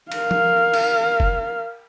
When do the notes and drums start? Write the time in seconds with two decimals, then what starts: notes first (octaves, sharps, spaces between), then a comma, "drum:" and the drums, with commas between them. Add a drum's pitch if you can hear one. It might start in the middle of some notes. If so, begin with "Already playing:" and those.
0.12 A#4 F5, drum: cymbal
0.31 drum: tom F3
0.74 drum: cymbal
1.20 drum: kick F1